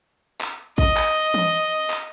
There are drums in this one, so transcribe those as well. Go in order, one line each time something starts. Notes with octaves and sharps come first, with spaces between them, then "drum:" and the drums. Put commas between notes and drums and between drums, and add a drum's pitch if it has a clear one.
drum: clap
D#5, drum: kick
drum: clap
drum: tom E3
drum: clap